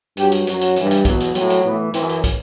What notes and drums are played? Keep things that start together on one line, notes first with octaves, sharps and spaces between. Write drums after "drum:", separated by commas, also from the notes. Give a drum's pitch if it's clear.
G2 F#3 G4, drum: hi-hat
drum: hi-hat
F#2 F#3 F#4, drum: hi-hat
drum: hi-hat
G2 E3, drum: hi-hat
drum: hi-hat
E2 B2 F#3, drum: kick, hi-hat
drum: hi-hat
A2 F#3 C4, drum: hi-hat
drum: hi-hat
A2 E3 B3
E3 C4, drum: hi-hat
F#2
drum: hi-hat
drum: kick, hi-hat